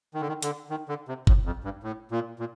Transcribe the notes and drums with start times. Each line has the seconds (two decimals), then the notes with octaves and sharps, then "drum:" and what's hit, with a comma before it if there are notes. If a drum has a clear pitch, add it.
0.14 D#3
0.21 D3
0.28 D#3
0.42 D3, drum: hi-hat
0.70 D#3
0.89 D3
1.08 C3
1.27 A2, drum: kick G1
1.46 F2
1.64 G2
1.83 A2
2.11 A#2
2.39 A#2